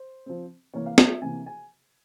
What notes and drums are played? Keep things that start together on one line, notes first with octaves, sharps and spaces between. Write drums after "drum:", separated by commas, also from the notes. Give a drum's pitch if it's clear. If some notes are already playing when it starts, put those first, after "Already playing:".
Already playing: C5
F3 C4
C3 E3 A#3 C#5
F5
E5, drum: snare
E5
C3 E3 A#3 G#5
G#5